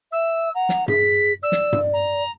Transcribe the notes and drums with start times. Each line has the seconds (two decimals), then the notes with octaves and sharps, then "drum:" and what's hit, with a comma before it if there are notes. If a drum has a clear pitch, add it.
0.12 E5 E6
0.55 F#5 A#5
0.69 drum: snare
0.88 G#4 B6, drum: tom G2
1.43 D5 E6
1.52 drum: snare
1.73 drum: tom G2
1.93 A#5